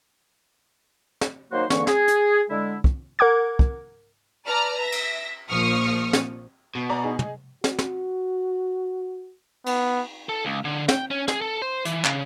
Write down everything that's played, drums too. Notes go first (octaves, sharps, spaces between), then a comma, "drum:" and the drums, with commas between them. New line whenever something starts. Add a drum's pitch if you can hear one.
drum: snare
D#3 F#3 A#3 D#4 F#4 C5
G#2 D3 E3 A#3 C#6, drum: snare
G#4, drum: snare
drum: hi-hat
D3 G#3 E4
drum: kick
A#4 F#5 D6 G#6
drum: kick
B4 D5 A5 A#5 F6
E5 A#6
drum: cymbal
A#1 A#2 F3 C#6 D#6 F6
drum: snare
B2
D5 A#5
D#4 G#4
drum: tom
F#4, drum: snare
drum: snare
B3, drum: cymbal
A4
C#2
D3
G5, drum: snare
C#4
G#4, drum: snare
A4
C5
E3, drum: hi-hat
C#3, drum: clap